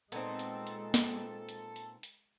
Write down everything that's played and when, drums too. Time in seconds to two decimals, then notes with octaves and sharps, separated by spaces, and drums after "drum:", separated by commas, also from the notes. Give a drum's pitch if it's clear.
0.12 A#2 G#3 B3 C4 D#4 A4, drum: hi-hat
0.39 drum: hi-hat
0.67 drum: hi-hat
0.94 drum: snare
1.49 drum: hi-hat
1.76 drum: hi-hat
2.03 drum: hi-hat